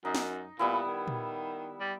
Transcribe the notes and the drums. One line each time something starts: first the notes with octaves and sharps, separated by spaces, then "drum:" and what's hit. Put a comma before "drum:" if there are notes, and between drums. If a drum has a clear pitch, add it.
F#2 D#4
drum: snare
A#2 G3 B3 E4
D#3
drum: tom A#2
G3